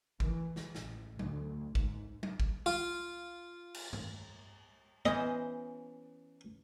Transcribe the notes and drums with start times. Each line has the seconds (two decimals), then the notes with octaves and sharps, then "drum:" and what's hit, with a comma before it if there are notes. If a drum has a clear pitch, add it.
0.20 E3, drum: kick
0.56 drum: snare
0.75 A1, drum: snare
1.19 D2, drum: tom F#3
1.75 G#2, drum: kick
2.23 drum: tom F#3
2.40 drum: kick
2.66 F4
3.74 drum: cymbal
3.93 drum: tom G2
5.06 E3 B3 C#4 C5 D#5